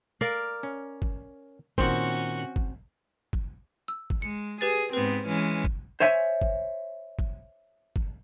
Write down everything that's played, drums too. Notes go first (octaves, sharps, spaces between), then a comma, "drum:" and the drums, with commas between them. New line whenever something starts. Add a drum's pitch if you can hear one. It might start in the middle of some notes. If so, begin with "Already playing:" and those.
A#4 D5 F5
C#4
drum: kick
A#2 D#3 C4 C#4 F#4, drum: kick
drum: kick
drum: kick
E6
drum: kick
G#3 C#7
G4 G#4 B4 A6
G#2 B3 C4 B4
E3 G#3 C#4
drum: kick
C5 C#5 E5 G#5
drum: kick
drum: kick
drum: kick